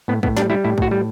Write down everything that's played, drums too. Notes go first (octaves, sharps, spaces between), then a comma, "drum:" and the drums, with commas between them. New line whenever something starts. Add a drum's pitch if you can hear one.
A2 B3
A2 B3, drum: kick
G3 D4, drum: snare
G3 E4
A2 E4
A2 F#4, drum: kick
G3